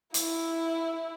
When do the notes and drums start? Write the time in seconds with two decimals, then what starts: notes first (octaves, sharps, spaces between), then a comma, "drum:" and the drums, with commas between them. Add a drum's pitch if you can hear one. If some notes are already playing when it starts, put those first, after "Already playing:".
0.14 E4, drum: hi-hat